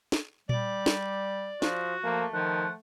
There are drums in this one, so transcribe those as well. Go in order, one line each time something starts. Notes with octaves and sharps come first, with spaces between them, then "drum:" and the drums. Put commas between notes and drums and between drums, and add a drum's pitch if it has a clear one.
drum: snare
G3 D5, drum: tom A#2
drum: snare
F3 F#4, drum: snare
F3 A3 A#3
D#3 F3 F#5